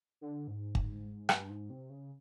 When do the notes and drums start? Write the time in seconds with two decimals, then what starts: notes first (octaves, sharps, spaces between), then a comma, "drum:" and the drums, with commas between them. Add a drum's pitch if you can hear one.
0.21 D3
0.48 G#2
0.75 drum: kick
1.29 G2, drum: rim click
1.50 G#2
1.70 C3
1.90 C#3